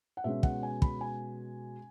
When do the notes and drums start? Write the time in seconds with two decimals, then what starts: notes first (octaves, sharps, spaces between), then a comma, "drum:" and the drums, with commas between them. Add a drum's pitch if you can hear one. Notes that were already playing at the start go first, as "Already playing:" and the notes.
0.17 F#5
0.24 B2 G#3 C#4 E5
0.43 F#5, drum: kick
0.63 G#5
0.82 B5, drum: kick
1.01 G#5